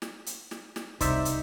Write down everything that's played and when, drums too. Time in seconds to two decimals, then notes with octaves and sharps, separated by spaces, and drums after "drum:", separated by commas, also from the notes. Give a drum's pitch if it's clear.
0.02 drum: snare
0.26 drum: hi-hat
0.51 drum: snare
0.76 drum: snare
1.01 C2 D#4 C5 D5 E5, drum: kick, hi-hat
1.25 drum: hi-hat